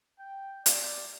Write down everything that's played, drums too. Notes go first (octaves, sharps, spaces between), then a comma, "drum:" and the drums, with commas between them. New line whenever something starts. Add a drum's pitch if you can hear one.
G5
D5, drum: hi-hat